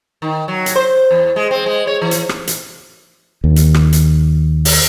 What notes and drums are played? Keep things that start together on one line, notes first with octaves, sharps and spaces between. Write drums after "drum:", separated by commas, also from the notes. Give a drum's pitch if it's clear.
D#3
F#3
drum: hi-hat
C5
E2
G#3
C4
G#3
C#5
E3
drum: hi-hat
drum: rim click
drum: hi-hat
D#2
drum: hi-hat
drum: rim click
drum: hi-hat
drum: open hi-hat